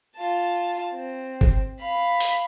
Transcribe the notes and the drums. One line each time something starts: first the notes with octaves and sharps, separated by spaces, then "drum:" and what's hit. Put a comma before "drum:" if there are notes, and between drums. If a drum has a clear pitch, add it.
F4 A5
C4
drum: kick G1
F5 B5
drum: open hi-hat